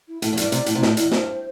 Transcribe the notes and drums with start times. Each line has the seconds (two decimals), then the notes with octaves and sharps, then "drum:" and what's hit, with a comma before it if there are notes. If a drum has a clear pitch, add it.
0.08 E4
0.22 A2 A4, drum: hi-hat
0.33 E2
0.37 G2 D5, drum: hi-hat
0.52 C3, drum: hi-hat
0.66 A2, drum: hi-hat
0.75 C3
0.82 A2 D5, drum: snare
0.97 E2 D5, drum: hi-hat
1.12 G2 C5, drum: snare